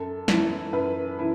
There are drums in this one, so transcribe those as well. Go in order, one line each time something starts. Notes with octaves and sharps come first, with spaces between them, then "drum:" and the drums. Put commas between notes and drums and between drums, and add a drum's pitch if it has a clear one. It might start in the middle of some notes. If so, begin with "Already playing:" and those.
Already playing: F#2 A4
E3 C#4 E4, drum: snare
F#2 B4
E3 C#4 E4